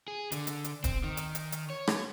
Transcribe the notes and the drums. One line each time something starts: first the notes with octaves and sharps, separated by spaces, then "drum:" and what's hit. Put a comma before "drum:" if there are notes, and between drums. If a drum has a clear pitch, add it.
G#4
D3, drum: hi-hat
drum: hi-hat
drum: hi-hat
C4, drum: kick D#1, hi-hat
D#3
drum: hi-hat
drum: hi-hat
drum: hi-hat
C#5
drum: rim click